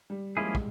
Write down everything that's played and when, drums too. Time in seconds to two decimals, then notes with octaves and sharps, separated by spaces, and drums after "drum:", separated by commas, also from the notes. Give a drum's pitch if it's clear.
0.10 G3
0.36 F3 G#3 A#3 C#4 E4 G#4
0.55 drum: kick